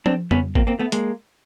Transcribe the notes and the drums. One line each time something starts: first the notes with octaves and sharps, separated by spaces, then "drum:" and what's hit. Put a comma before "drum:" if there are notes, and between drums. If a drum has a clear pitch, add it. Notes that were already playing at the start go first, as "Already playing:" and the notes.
C4 D4, drum: tom F3
B3 C#4, drum: tom F2
A#3 C4, drum: kick G#1
A#3 C4
A3 B3
G#3 A#3, drum: hi-hat